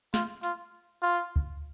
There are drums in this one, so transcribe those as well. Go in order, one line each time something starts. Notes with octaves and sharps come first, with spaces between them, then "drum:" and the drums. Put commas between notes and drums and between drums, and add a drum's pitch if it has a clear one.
F4, drum: snare
F4, drum: hi-hat
F4
drum: kick D2